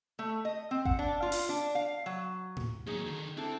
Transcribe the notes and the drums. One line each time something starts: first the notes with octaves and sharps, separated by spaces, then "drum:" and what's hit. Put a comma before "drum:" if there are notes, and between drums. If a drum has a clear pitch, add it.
A3
D#5
C4
F#5, drum: kick G1
D4
F4
drum: open hi-hat
D4
F5
F#3
drum: tom A2
D#2 F#3 D#4 G#4
D3 D#3
C4 D4 E4 A4